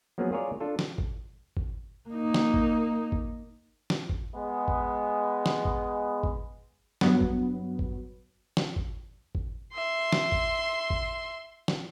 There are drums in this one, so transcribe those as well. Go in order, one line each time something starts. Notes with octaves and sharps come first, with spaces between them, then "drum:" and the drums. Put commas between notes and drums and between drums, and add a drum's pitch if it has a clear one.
F3 F#3 A#3 B3 C#4 G#4
F4 G#4 A#4 C#5 D5 F5
D4 F4 A4
drum: snare
drum: kick G1
drum: kick G1
A#3 D#4
drum: snare
drum: kick G1
drum: kick G1
drum: snare
drum: kick G1
G#3 B3
drum: kick G1
drum: snare
drum: kick G1
drum: kick G1
G2 F#3 B3, drum: snare
drum: kick G1
drum: kick G1
drum: snare
drum: kick G1
drum: kick G1
E5 C6
drum: snare
drum: kick G1
drum: kick G1
drum: snare